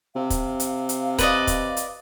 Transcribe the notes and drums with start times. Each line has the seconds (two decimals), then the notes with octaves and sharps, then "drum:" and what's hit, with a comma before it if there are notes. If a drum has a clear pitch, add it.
0.16 C3 F5
0.30 drum: kick, hi-hat
0.60 drum: hi-hat
0.89 drum: hi-hat
1.18 B4 D5 D#5, drum: kick, hi-hat
1.47 drum: kick, hi-hat
1.77 drum: hi-hat